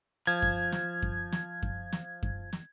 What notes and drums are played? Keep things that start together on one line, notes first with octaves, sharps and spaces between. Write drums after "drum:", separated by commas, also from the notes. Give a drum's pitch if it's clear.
F3 G#6
drum: kick F#2
drum: snare
drum: kick F#2
drum: snare
drum: kick F#2
drum: snare
drum: kick F#2
drum: snare